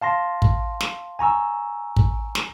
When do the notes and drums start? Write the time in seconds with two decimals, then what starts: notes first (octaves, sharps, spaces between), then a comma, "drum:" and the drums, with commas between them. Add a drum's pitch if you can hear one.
0.02 F5 A5 C6 A#6
0.42 drum: kick
0.81 drum: snare
1.19 G#5 A#5 C#6 E6
1.96 drum: kick
2.35 drum: snare